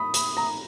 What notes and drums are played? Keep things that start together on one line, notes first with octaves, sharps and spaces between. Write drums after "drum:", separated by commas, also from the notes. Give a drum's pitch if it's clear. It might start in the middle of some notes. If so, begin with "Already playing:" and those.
Already playing: B5 D#6
B5, drum: hi-hat
A#5